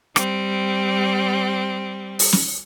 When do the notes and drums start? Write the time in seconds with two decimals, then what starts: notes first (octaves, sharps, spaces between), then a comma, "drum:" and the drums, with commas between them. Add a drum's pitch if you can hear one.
0.16 G3 C4, drum: rim click
2.19 drum: open hi-hat
2.33 drum: snare